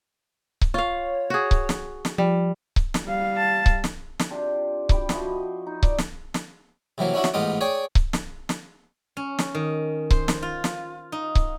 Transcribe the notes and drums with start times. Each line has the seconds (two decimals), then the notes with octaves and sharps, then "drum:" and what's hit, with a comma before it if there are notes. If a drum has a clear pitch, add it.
0.61 drum: kick C#1
0.74 F4 C#5 F5
1.30 F#4 G#4
1.51 drum: kick C#1
1.69 drum: snare
2.05 drum: snare
2.18 F3 G3
2.76 drum: kick C#1
2.94 drum: snare
3.05 G3 F5
3.37 A5
3.66 drum: kick C#1
3.84 drum: snare
4.19 drum: snare
4.30 C3 D4 F4 G4
4.89 G4 B5 D6, drum: kick C#1
5.09 F3 E4 F#4 D#5, drum: snare
5.67 D#4
5.83 D5, drum: kick C#1
5.98 drum: snare
6.34 drum: snare
6.98 C3 E3 F#3 A#3
7.14 C#4 D4 E4 F#4
7.24 drum: snare
7.34 A1 G#2 B3 F4 D#5 D6
7.61 G#4 C#5 D5 G5 G#5
7.95 drum: kick C#1
8.13 drum: snare
8.49 drum: snare
9.17 C#4
9.38 drum: snare
9.55 D#3
10.10 C5, drum: kick C#1
10.28 drum: snare
10.42 F4
10.64 drum: snare
11.12 D#4
11.35 drum: kick C#1